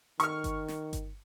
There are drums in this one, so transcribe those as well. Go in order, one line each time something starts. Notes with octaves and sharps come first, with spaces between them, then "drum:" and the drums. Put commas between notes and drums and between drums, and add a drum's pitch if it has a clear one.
D#3 C#6 F6, drum: hi-hat
drum: kick G1, hi-hat
drum: snare
drum: kick G1, hi-hat